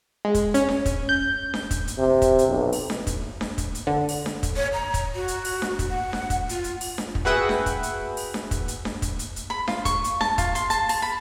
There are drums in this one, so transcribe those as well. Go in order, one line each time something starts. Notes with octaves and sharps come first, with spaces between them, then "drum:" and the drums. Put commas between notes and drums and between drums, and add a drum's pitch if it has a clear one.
G#3
drum: kick, hi-hat
C#4, drum: hi-hat
drum: snare D4
drum: kick, hi-hat
G6
drum: snare D4
drum: kick, hi-hat
drum: hi-hat
C3
drum: kick, hi-hat
drum: hi-hat
B1
drum: open hi-hat
drum: snare D4
drum: kick, hi-hat
drum: snare D4
drum: kick, hi-hat
drum: hi-hat
D3
drum: open hi-hat
drum: snare D4
drum: kick, hi-hat
C#5
A#5
drum: kick, hi-hat
F#4
drum: hi-hat
drum: open hi-hat
drum: snare D4
drum: kick, hi-hat
F#5
drum: snare D4
drum: kick, hi-hat
F4, drum: hi-hat
drum: hi-hat
drum: open hi-hat
drum: snare D4
drum: kick
F#4 G#4 B4 E5 F#5 G5
drum: snare D4
drum: kick, hi-hat
drum: hi-hat
drum: open hi-hat
drum: snare D4
drum: kick, hi-hat
drum: hi-hat
drum: snare D4
drum: kick, hi-hat
drum: hi-hat
drum: hi-hat
B5
F4, drum: snare D4
C#6, drum: kick, hi-hat
drum: hi-hat
A5, drum: snare D4
F4, drum: kick, hi-hat
C6, drum: hi-hat
A5, drum: hi-hat
A5, drum: open hi-hat
B5